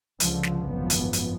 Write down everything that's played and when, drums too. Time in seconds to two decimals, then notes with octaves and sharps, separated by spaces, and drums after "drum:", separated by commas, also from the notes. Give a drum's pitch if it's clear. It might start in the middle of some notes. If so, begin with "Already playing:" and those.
0.20 C#2 D3 F3, drum: hi-hat
0.43 drum: snare
0.62 G#1 F#2 F3 B3
0.90 drum: hi-hat
1.13 drum: hi-hat